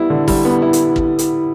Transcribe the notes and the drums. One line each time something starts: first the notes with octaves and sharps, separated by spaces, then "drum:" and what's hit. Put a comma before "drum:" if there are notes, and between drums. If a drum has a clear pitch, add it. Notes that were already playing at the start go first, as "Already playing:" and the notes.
Already playing: G3 B3 E4
D3
G3, drum: kick, open hi-hat
B3
E4
drum: hi-hat
drum: kick
drum: hi-hat